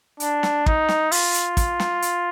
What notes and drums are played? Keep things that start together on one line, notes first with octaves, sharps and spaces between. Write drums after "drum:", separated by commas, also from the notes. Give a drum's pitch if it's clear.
D4, drum: hi-hat
drum: snare
D#4, drum: kick
drum: snare
F4, drum: open hi-hat
drum: hi-hat
drum: kick, hi-hat
drum: snare
drum: hi-hat